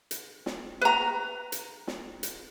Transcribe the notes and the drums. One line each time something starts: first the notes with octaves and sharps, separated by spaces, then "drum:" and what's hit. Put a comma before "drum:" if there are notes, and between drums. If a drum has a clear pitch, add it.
drum: hi-hat
drum: snare
B4 A#5
drum: hi-hat
drum: snare
drum: hi-hat